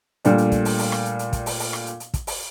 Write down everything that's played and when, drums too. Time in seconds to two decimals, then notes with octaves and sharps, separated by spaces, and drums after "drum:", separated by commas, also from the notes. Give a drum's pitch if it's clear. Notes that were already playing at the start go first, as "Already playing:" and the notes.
0.25 A#2 G3 A3 D4, drum: hi-hat
0.38 drum: hi-hat
0.52 drum: kick, hi-hat
0.65 drum: open hi-hat
0.79 drum: open hi-hat
0.92 drum: rim click
1.06 drum: hi-hat
1.19 drum: hi-hat
1.33 drum: kick, hi-hat
1.46 drum: open hi-hat
1.60 drum: open hi-hat
1.73 drum: rim click
1.87 drum: hi-hat
2.00 drum: hi-hat
2.14 drum: kick, hi-hat
2.27 drum: open hi-hat